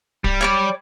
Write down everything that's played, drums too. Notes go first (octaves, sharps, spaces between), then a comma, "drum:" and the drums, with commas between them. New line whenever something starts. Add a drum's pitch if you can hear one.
G3, drum: kick D1
C#5 D5 D6